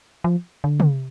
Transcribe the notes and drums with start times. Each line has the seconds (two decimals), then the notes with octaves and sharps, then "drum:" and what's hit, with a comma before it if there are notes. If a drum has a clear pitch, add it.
0.24 F3
0.64 D3
0.80 drum: tom